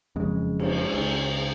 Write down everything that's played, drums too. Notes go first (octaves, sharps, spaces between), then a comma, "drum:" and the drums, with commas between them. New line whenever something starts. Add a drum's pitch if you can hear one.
F#1 F2 C#3 G#3
drum: cymbal
C#2 C#3